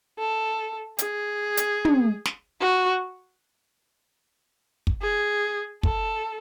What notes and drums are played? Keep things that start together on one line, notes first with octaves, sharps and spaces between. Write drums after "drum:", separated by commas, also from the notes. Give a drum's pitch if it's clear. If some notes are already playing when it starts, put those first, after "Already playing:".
A4
G#4, drum: hi-hat
drum: hi-hat
drum: tom
drum: snare
F#4
drum: kick
G#4
A4, drum: kick